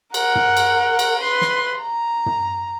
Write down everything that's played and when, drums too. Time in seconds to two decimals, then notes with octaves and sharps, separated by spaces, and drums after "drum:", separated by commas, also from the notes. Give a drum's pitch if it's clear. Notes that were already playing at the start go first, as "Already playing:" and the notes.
0.14 A#4 F#5, drum: cymbal
0.35 drum: tom
0.57 drum: cymbal
0.99 drum: cymbal
1.21 B4 C6
1.41 drum: snare
1.81 A#5
2.26 drum: tom